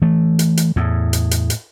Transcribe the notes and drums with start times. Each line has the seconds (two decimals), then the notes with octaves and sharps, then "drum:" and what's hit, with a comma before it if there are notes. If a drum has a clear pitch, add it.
0.02 E3 A3
0.39 drum: hi-hat
0.57 drum: hi-hat
0.76 E2 A2
1.13 drum: hi-hat
1.31 drum: hi-hat
1.50 drum: hi-hat